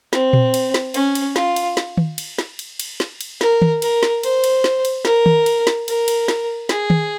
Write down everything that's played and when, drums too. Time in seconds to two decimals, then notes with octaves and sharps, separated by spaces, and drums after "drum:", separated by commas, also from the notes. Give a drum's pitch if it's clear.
0.13 C4, drum: snare
0.33 drum: tom A#2
0.54 drum: cymbal
0.74 drum: snare
0.94 C#4, drum: cymbal
1.15 drum: cymbal
1.36 F4, drum: snare
1.56 drum: cymbal
1.77 drum: snare
1.97 drum: tom D#3
2.18 drum: cymbal
2.38 drum: snare
2.59 drum: cymbal
2.80 drum: cymbal
3.00 drum: snare
3.21 drum: cymbal
3.41 A#4, drum: snare
3.62 drum: tom D#3
3.82 A#4, drum: cymbal
4.03 drum: snare
4.23 C5, drum: cymbal
4.44 drum: cymbal
4.64 drum: snare
4.85 drum: cymbal
5.05 A#4, drum: snare
5.26 drum: tom D#3
5.46 drum: cymbal
5.67 drum: snare
5.88 A#4, drum: cymbal
6.08 drum: cymbal
6.28 drum: snare
6.69 G#4, drum: snare
6.90 drum: tom D#3